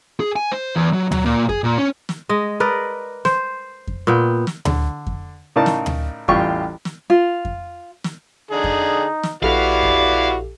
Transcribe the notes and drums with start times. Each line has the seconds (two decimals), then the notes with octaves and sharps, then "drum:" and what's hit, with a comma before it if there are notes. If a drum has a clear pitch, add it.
0.20 G#4
0.36 G#5
0.52 C5
0.75 E2
0.93 F#3
1.12 F#3, drum: tom D2
1.26 A#2
1.49 G#4, drum: kick F2
1.64 A#2
1.78 C#4
2.09 drum: snare
2.29 G#3 D#5
2.60 A#4 B4 D5 D#5
3.25 C5, drum: snare
3.87 drum: kick F2
4.07 A#2 B3 G5
4.47 drum: snare
4.65 D3, drum: tom D2
5.07 drum: kick F2
5.56 A2 C#3 D#4 A#4 D5 A5
5.66 drum: snare
5.86 drum: tom D2
6.28 A1 E2 G3 F4 G4 C#6, drum: kick F2
6.85 drum: snare
7.10 F4
7.45 drum: kick F2
8.04 drum: snare
8.51 D3 D#4 G#4
8.64 drum: kick F2
9.23 drum: snare
9.43 A#1 E4 F#4 G4 A4 B4 D5 F5
9.83 drum: kick F2